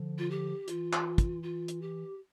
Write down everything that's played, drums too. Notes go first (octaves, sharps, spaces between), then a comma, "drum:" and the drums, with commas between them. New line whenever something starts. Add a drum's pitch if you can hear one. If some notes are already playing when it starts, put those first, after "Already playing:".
Already playing: D3 F3
F4
G4
E3 F4, drum: hi-hat
drum: clap
drum: kick, hi-hat
F4
drum: hi-hat
G4